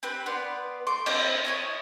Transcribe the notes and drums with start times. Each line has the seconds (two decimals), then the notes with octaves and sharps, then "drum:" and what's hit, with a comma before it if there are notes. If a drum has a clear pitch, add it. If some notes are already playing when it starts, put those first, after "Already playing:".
0.03 C4 G4 B4
0.26 B3 B4 D5 C6
0.87 A3 C6 D6
1.06 A#3 C4 E4, drum: cymbal
1.45 E4 C#5 D#6